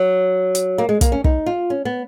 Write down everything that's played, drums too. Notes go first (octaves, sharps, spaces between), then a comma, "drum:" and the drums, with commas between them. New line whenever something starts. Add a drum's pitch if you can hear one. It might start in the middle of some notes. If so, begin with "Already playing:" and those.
Already playing: F#3
drum: hi-hat
A#3
G#3
A#3, drum: kick, hi-hat
C#4
D#4, drum: kick
F4
C#4
B3